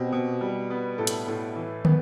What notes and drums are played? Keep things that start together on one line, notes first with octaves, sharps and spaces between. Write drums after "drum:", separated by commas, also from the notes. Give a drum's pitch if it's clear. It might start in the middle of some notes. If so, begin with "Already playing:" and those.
Already playing: B2 C4 G4
B2
G3
B3
A2 A4
drum: hi-hat
A2
E3
B3, drum: tom